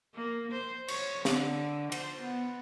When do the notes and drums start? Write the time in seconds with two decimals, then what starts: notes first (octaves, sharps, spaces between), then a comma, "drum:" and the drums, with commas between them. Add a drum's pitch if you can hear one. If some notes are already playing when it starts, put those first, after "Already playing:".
0.14 A#3
0.51 C5
0.88 C#5, drum: cymbal
1.25 D3, drum: snare
1.92 C5, drum: cymbal
2.21 B3